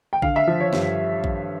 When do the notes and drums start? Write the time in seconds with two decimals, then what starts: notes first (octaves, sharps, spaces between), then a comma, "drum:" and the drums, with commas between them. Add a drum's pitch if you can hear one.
0.13 G5
0.22 D3 F5, drum: kick A#1
0.36 E5
0.47 F3
0.60 C#5
0.73 G2, drum: snare
1.24 drum: kick A#1